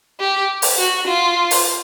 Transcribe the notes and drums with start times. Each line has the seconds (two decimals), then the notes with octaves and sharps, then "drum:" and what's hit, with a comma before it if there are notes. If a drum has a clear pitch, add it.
0.20 G4
0.62 drum: open hi-hat
0.78 F#4
1.07 F4
1.51 drum: open hi-hat